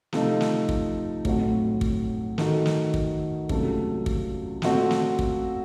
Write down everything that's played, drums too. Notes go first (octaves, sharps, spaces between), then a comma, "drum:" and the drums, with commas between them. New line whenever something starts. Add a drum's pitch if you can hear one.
C3 F3 A3 D#4, drum: snare
drum: snare
drum: kick
A2 F#3 C4 F#4, drum: kick
drum: kick
D#3 A3 D#4 F#4 A4, drum: snare
drum: snare
drum: kick
C#2 C3 F#3 A3, drum: kick
drum: kick
A#2 A3 C4 F#4 A4, drum: snare
drum: snare
drum: kick